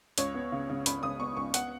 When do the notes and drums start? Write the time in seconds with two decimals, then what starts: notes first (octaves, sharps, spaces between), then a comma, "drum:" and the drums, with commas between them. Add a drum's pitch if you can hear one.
0.18 C#2 C#5, drum: hi-hat
0.34 B3
0.52 C#3
0.69 C#3
0.86 C#2 B5, drum: hi-hat
1.03 C#3 D#6
1.19 B3 C#6
1.37 C#2 C#6
1.54 B3 F#5, drum: hi-hat